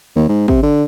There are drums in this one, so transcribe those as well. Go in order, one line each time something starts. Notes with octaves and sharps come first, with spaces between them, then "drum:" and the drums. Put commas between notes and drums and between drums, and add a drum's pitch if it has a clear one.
D#2
G#2
C3, drum: kick
D3